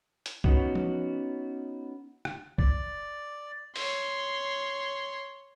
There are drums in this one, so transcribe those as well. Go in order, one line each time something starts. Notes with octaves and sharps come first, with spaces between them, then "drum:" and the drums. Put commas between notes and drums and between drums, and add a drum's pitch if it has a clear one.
drum: hi-hat
B3 C#4 D#4 F#4, drum: kick
drum: tom F3
drum: rim click
D5, drum: kick
C#5 C6, drum: open hi-hat